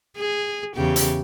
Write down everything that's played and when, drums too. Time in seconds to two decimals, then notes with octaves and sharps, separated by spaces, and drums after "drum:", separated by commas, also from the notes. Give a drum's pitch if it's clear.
0.18 G#4
0.76 E2 C#3 G4
0.96 drum: hi-hat